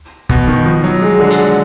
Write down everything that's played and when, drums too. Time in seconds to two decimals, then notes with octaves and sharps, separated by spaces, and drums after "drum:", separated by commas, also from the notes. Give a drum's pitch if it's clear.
0.29 B2, drum: kick
0.47 D#3
0.66 F3
0.84 F#3
1.02 G#3
1.20 D3
1.30 drum: hi-hat